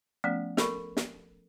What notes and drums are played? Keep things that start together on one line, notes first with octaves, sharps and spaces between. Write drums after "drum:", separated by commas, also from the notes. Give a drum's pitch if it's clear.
F3 A3 B3 C#4 D5
A4 A#4 B5 C#6, drum: snare
drum: snare